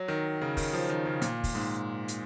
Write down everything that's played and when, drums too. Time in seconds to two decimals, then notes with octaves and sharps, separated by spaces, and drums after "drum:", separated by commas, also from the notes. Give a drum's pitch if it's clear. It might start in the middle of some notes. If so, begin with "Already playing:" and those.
Already playing: F#3
0.08 D#3
0.42 C#3
0.57 D#3, drum: kick, open hi-hat
0.73 F3
0.90 D#3
1.06 C#3
1.22 A#2, drum: hi-hat
1.44 drum: kick, open hi-hat
1.55 G#2
2.08 drum: hi-hat